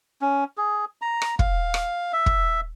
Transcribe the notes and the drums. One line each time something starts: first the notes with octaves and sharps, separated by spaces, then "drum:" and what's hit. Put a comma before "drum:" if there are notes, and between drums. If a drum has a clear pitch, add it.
C#4
G#4
A#5
drum: rim click
F5, drum: kick
drum: rim click
E5
drum: kick